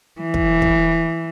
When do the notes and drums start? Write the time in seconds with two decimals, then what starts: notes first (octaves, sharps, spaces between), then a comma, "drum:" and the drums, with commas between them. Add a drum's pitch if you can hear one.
0.20 E3
0.34 drum: kick
0.62 drum: kick